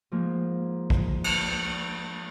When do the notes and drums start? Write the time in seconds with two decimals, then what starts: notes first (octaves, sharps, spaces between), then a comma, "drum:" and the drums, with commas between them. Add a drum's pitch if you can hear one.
0.12 G#2 F3 A#3
0.90 drum: kick
1.24 drum: cymbal